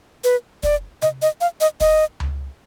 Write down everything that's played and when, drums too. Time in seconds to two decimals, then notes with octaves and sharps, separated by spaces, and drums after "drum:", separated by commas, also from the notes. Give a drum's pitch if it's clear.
0.24 B4
0.63 D5, drum: kick
1.02 D#5, drum: tom C3
1.22 D#5
1.41 F5
1.61 D#5
1.81 D#5, drum: kick
2.20 drum: tom C#2